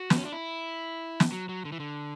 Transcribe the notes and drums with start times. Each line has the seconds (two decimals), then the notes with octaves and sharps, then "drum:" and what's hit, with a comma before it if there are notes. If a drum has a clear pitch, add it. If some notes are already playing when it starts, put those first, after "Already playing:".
Already playing: F#4
0.10 B3, drum: snare
0.18 C#4
0.25 D4
0.32 E4
1.20 drum: snare
1.32 F#3
1.49 F#3
1.65 D3
1.72 E3
1.80 D3